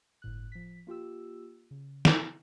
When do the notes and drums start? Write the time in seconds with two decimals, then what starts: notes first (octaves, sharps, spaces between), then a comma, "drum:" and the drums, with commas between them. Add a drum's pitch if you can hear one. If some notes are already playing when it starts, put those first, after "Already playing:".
0.22 G1 A2 F#6
0.52 F3 B6
0.87 A#3 F4 G4 E6
1.71 C#3
2.05 drum: snare